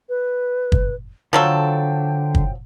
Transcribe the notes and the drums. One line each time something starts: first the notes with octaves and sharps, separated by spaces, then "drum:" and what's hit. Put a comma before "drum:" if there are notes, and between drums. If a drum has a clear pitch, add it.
B4
drum: kick
D3 F3 F#3 A4 G5
drum: kick